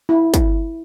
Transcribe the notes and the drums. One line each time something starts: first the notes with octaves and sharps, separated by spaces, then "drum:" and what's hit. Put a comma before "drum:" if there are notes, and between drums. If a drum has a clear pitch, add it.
E4
drum: kick, hi-hat